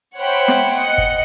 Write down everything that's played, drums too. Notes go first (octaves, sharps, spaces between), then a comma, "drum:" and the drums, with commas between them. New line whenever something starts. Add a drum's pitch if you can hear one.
C5 C#5 E5 F#5 G5 B5
drum: snare
D#5 F#5 C#7
drum: kick